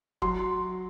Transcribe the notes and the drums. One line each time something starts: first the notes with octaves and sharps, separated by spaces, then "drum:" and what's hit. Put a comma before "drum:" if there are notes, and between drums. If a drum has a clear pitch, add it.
F#3 C6, drum: kick